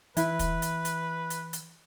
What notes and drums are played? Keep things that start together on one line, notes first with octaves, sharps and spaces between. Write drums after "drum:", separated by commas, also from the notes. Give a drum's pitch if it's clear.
E3 E4 B4, drum: hi-hat
drum: kick, hi-hat
drum: hi-hat
drum: hi-hat
drum: hi-hat
drum: hi-hat